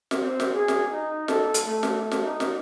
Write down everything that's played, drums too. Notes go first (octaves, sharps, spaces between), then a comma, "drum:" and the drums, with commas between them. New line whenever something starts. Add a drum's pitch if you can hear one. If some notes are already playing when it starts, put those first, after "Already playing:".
drum: snare
C4
drum: snare
G#4
drum: snare
D#4
A4, drum: snare
drum: hi-hat
A3
drum: snare
drum: snare
D#4
drum: snare